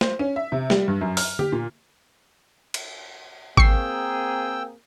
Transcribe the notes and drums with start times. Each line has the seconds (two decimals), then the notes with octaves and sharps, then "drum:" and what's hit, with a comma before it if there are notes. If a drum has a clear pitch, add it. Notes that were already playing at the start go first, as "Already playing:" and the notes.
0.01 C5, drum: snare
0.19 C#4
0.36 E5
0.52 C3
0.70 G3, drum: snare
0.88 G2
1.01 F#2
1.17 F6, drum: open hi-hat
1.39 G4, drum: tom D3
1.52 A#2
2.74 drum: cymbal
3.57 A#3 C4 G#4 G5 C#6 E6 C7, drum: kick G#1